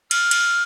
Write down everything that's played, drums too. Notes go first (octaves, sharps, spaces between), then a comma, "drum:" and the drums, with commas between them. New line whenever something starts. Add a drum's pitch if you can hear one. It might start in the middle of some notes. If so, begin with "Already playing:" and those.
F6, drum: cymbal
drum: cymbal